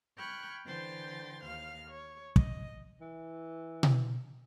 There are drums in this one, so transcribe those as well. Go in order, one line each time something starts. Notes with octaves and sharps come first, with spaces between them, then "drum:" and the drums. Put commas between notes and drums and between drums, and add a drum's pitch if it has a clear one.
G5 B5 C#6 F6 F#6 G#6
D3 E3 C5 G5 C6 A6
D#2 F5 F6
C#5
D#5, drum: kick
E3
drum: tom B2